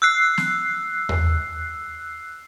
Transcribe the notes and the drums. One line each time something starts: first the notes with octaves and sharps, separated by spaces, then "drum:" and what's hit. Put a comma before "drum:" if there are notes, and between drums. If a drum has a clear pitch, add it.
E6 F#6 C7
drum: snare
drum: tom E2